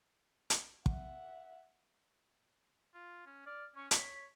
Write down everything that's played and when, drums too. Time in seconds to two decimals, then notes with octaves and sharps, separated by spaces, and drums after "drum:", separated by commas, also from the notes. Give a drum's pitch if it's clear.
0.50 drum: hi-hat
0.86 E5 F#5, drum: kick
2.94 F4
3.26 C#4
3.46 D5 F6
3.76 C#4 C#6
3.91 C#5 B6, drum: hi-hat